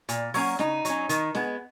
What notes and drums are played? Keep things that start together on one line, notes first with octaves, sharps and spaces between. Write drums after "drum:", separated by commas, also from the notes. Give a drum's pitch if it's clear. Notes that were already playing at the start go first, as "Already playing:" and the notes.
A#2, drum: hi-hat
F#3 A#3 C#4, drum: open hi-hat
C#3 D#4, drum: snare
F#3 C#4, drum: hi-hat
D#3, drum: hi-hat
G#3 B3, drum: snare